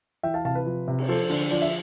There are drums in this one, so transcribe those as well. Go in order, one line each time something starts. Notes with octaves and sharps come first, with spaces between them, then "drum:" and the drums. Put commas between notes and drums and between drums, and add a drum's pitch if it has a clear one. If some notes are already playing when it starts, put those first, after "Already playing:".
E3 E5 G5
F5 A5
C3 F5 A5
B4
F3
C3
drum: cymbal
F3 A4 C5
D3, drum: open hi-hat
F3 D5
E5